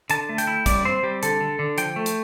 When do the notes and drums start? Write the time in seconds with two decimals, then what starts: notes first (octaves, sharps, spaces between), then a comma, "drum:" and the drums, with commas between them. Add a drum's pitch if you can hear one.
0.10 D3 A5, drum: hi-hat
0.29 A3
0.38 G5, drum: hi-hat
0.47 E4
0.66 G3 D5, drum: kick, hi-hat
0.85 C4 C5
1.03 G3 G4
1.23 D3 A4, drum: hi-hat
1.40 D3
1.59 D3
1.78 F3 G5, drum: hi-hat
1.96 A3
2.06 drum: hi-hat